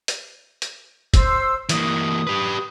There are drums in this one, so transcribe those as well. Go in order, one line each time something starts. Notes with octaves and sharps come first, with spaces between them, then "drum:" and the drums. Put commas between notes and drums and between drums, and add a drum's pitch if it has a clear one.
drum: hi-hat
drum: hi-hat
C5 E6, drum: kick, hi-hat
E3 A#3 D#6, drum: hi-hat
G4 B4